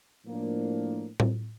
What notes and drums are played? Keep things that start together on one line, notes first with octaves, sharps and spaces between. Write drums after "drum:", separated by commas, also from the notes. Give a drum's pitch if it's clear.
A2 F3 A#3 D4
drum: tom A2